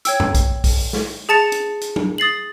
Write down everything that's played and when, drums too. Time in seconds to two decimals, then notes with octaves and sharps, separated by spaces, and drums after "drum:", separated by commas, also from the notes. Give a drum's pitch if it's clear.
0.05 C#5 G5 E6, drum: hi-hat
0.20 drum: tom F2
0.34 drum: kick, hi-hat
0.64 drum: kick, open hi-hat
0.93 drum: snare
1.29 G#4 A5 A6 C#7 F7
1.52 drum: hi-hat
1.81 drum: hi-hat
1.96 drum: tom
2.18 D#6 A6 C7 F#7